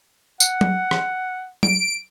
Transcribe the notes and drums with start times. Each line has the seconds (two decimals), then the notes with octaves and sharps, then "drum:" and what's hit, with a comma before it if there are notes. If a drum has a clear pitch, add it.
0.40 F#5, drum: tambourine
0.61 drum: tom F#3
0.91 drum: rim click
1.63 D7, drum: tom F#3